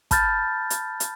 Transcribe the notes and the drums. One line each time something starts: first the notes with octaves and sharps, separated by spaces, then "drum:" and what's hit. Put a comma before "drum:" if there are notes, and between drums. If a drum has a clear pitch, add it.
A5 B5 F6 G6 A6, drum: kick, hi-hat
drum: hi-hat
drum: hi-hat